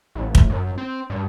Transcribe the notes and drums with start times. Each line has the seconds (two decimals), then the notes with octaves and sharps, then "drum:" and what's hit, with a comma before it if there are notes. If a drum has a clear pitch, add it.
0.15 A1
0.35 drum: kick
0.50 F#2
0.78 C4
1.10 G2